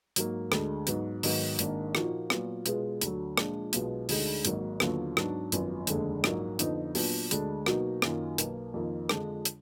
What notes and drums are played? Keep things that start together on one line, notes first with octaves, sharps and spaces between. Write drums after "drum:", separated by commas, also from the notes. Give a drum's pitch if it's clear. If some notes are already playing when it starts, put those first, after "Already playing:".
G#2 F#3 A#3, drum: hi-hat
D2 D3 G#3, drum: rim click
G#2 F#3 B3, drum: hi-hat
G#2 D#3 F#3 B3, drum: open hi-hat
G#1 G#2 D#3 A#3 D4, drum: hi-hat
A#2 F3 A#3 D#4 F#4, drum: rim click
A#2 F#3 B3 F4, drum: rim click
B2 G#3 B3 F4 G#4, drum: hi-hat
D2 D3 F#3, drum: hi-hat
A#2 F3 G#3 D4, drum: rim click
B1 B2 G#3 B3 F4, drum: hi-hat
D2 D3 G#3 D#4 G#4, drum: open hi-hat
G#1 G#2 D#3 F#3 A#3, drum: hi-hat
D#2 D3 F#3 B3 F4, drum: rim click
G#2 F#3 B3 D4, drum: rim click
G#1 F#2 F3 B3, drum: hi-hat
F1 D#2 D3 G#3, drum: hi-hat
A#1 G#2 F#3 A#3, drum: rim click
F2 D3 F3 B3 D#4, drum: hi-hat
A#2 F#3 B3 D4, drum: open hi-hat
D2 D3 G#3 D4, drum: hi-hat
B2 F#3 A#3 D#4 F#4, drum: rim click
F#2 D#3 F#3 A#3 F4, drum: rim click
B1 B2 A#3, drum: hi-hat
F2 D#3 A#3 F4
F2 D3 F3 G#3 D4, drum: rim click
drum: hi-hat